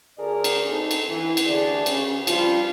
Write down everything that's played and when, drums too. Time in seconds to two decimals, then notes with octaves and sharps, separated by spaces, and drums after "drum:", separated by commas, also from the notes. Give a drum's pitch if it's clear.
0.18 D2 G#4 A#4 D5
0.44 drum: cymbal
0.68 C4 D#4 A4
0.91 drum: cymbal
1.09 E3
1.37 drum: cymbal
1.46 D2 D3 D4 G#4 D5
1.86 C#3 C#4, drum: cymbal
2.27 F3 G3 F4, drum: cymbal